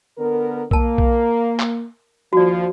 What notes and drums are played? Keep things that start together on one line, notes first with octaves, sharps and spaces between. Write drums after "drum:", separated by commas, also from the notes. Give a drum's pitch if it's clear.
D3 B3 A#4
A#3 A#4 A5, drum: kick B1
drum: kick B1
drum: clap
D#2 F3 F#4 D5